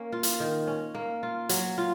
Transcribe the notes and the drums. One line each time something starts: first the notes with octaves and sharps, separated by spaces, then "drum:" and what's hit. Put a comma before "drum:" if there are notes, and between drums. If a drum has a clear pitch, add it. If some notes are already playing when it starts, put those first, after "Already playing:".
Already playing: A#3 C#4
F4
drum: hi-hat
D#3
C#4
A#3
F4
F#3, drum: hi-hat
F4